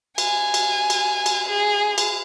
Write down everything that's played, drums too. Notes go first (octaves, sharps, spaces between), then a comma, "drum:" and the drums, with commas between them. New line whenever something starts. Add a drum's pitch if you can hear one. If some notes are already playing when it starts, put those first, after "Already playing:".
G#5, drum: cymbal
drum: cymbal
drum: cymbal
drum: cymbal
G#4
drum: cymbal